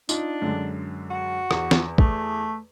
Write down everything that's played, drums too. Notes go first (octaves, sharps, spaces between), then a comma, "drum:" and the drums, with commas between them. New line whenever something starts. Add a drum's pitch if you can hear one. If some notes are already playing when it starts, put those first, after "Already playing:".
D4 D#4 F4, drum: tambourine
F#2 D3 G#3
F#4
E2, drum: rim click
drum: snare
A3, drum: kick